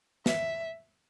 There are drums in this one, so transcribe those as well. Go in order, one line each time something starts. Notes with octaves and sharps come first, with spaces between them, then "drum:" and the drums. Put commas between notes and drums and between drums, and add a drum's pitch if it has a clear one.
E5, drum: snare